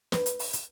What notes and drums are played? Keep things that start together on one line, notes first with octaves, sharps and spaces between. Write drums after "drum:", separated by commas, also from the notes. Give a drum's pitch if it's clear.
B4, drum: snare
drum: hi-hat
drum: open hi-hat
drum: hi-hat